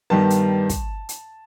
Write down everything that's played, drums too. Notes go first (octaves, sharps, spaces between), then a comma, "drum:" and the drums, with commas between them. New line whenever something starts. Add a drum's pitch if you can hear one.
G2 D#3 G3 B3 A5
drum: hi-hat
drum: kick, hi-hat
drum: hi-hat